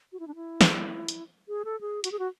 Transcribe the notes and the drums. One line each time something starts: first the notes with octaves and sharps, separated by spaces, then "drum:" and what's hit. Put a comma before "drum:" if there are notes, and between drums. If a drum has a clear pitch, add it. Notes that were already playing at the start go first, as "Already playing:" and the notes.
F#4
E4
D4
E4
drum: snare
drum: hi-hat
G#4
A4
G#4
F#4, drum: hi-hat
G#4
F#4